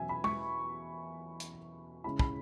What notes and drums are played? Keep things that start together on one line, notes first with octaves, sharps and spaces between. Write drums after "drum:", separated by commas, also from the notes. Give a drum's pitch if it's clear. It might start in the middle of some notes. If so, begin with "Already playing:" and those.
Already playing: E2 B2 F#3 C#4 E5 G#5
B5
C#6, drum: tom G#3
drum: hi-hat
C#3 G#3 C#4 E4 B5
B5, drum: kick